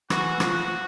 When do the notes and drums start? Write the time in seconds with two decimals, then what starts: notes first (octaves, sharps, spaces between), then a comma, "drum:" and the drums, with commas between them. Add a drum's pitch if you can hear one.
0.10 E3 F#4, drum: rim click
0.40 F3 F#4, drum: rim click